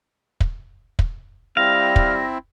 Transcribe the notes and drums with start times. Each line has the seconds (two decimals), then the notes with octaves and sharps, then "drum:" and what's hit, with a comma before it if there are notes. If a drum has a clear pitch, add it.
0.40 drum: kick
0.99 drum: kick
1.57 G3 C4 E4 F5 A#6
1.96 drum: kick